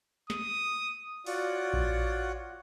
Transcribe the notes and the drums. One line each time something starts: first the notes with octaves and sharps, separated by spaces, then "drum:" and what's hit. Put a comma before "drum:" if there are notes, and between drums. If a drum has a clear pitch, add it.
D#6, drum: snare
F4 F#4 C#5 D5 F#5, drum: open hi-hat
drum: kick A#1